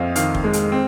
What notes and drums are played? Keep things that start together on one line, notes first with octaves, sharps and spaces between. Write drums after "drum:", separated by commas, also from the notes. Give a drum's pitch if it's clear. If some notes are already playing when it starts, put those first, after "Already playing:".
Already playing: F2 C4 D#5 F5
D#3 F5, drum: hi-hat
drum: kick
G#3
drum: hi-hat
C4